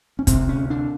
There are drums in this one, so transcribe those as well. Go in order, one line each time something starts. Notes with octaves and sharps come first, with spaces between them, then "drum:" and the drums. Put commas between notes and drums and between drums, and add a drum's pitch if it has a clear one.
C#4
D2 C3 C4, drum: kick, hi-hat
C#4
D4